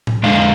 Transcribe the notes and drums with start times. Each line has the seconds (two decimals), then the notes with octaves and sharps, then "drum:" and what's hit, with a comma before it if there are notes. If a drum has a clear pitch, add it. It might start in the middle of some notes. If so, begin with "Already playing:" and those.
0.07 drum: tom A2
0.23 F2 D3 G#3 F5